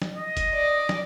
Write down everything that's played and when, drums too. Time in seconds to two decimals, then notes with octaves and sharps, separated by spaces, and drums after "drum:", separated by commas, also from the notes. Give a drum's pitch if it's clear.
0.02 drum: snare
0.16 D#5
0.37 drum: kick F#1, hi-hat
0.54 D5
0.89 drum: snare